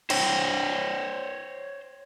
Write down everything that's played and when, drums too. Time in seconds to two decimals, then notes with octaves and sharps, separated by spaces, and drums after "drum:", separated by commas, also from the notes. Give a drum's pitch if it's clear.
0.10 C5 C#5 G5, drum: cymbal